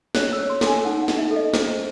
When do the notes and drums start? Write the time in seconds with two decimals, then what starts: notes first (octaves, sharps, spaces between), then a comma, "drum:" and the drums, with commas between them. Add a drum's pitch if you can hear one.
0.15 C#5 F#6, drum: snare
0.33 E6
0.38 C#5
0.50 C6
0.61 A4, drum: snare
0.67 G#5
0.85 D#4 F#5
1.02 F#5
1.08 D#4, drum: snare
1.19 E5
1.31 A4
1.36 D#5
1.54 C5, drum: snare